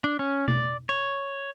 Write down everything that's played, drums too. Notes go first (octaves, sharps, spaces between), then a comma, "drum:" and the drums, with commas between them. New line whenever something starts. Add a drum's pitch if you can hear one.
D4
C#4
D5, drum: tom B2
C#5